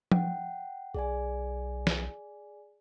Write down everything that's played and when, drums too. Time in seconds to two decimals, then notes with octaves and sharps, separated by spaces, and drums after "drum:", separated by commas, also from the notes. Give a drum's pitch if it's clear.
0.12 F#5 G5, drum: tom F3
0.94 B1 G#4 D5 G#5
1.87 drum: snare